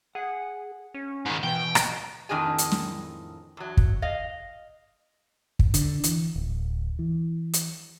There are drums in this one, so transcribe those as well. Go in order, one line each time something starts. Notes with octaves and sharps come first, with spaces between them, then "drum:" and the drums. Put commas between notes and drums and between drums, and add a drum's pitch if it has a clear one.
G#4 F#5
C#4
G#2 D#3
B2 E3 G5
drum: rim click
F2 A2 D#3 D4 G#4 G#5
drum: hi-hat
drum: snare
E2 F#3
drum: kick
D#5 F5
drum: kick
D3, drum: hi-hat
E3, drum: hi-hat
D1
E3
drum: hi-hat